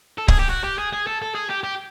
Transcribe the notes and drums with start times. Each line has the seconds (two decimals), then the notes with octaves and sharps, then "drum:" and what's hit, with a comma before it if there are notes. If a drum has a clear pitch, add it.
0.18 A4
0.28 G#4, drum: kick C#1
0.39 G4
0.50 F#4
0.64 G4
0.79 G#4
0.93 G#4
1.07 A4
1.22 A4
1.35 G#4
1.50 G4
1.64 G4